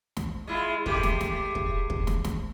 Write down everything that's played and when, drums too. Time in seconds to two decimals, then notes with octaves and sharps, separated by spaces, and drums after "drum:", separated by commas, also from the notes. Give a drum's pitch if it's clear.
0.17 drum: snare
0.47 G#3 E4 F4
0.86 G#3 A3 G4, drum: kick
1.03 drum: snare
1.21 drum: snare
1.55 drum: kick
1.90 drum: kick
2.07 drum: snare
2.24 drum: snare